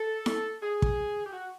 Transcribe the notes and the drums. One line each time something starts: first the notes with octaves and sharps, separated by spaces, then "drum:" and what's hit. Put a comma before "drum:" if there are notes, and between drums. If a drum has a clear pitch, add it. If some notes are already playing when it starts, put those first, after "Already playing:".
Already playing: A4
drum: snare E4
G#4
drum: kick
G4
F#4